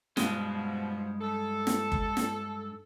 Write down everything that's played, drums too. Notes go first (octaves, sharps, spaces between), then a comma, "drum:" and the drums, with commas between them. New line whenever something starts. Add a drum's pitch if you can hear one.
G2 B2 F3 G#3, drum: snare
A4
drum: snare
drum: kick F#1
drum: snare